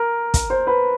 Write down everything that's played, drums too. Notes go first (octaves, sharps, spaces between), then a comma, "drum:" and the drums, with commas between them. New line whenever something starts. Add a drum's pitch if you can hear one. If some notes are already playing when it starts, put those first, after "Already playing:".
Already playing: A#4
drum: kick, hi-hat
C5
B4